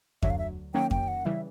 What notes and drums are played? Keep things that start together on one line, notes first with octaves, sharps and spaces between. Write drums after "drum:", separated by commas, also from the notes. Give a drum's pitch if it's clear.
D2 D3 F#3 E5, drum: kick F2
F5
E5
D#3 F#3 A#3 C#4 G5
G5, drum: kick F2
F#5
C#3 E3 G3 E5